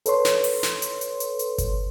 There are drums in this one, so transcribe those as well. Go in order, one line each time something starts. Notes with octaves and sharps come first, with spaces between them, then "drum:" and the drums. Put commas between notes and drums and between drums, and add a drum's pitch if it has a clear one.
A4 B4 C#5 C6, drum: hi-hat
drum: snare
drum: open hi-hat
drum: snare
drum: hi-hat
drum: hi-hat
drum: hi-hat
drum: hi-hat
drum: kick G1, hi-hat